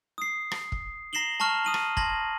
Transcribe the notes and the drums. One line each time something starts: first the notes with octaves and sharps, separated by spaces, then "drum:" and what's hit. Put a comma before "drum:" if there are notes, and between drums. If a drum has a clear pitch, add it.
D#6 C7
drum: rim click
drum: kick
A#5 A#6 C7 E7 F#7 G7
A5 A#5 C#6 F6 F#7
D#6 D#7 F#7
drum: rim click
A5 C6 G#6 A#6 F#7, drum: kick